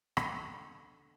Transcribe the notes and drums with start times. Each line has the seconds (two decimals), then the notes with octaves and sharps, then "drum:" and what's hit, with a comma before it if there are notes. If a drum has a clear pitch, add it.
0.17 D3 B3 D5, drum: rim click